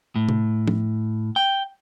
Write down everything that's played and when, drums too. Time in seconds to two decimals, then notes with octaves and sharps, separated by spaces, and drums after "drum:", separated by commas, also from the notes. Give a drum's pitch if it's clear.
0.16 A2
0.29 drum: tom C3
0.68 drum: tom
1.36 G5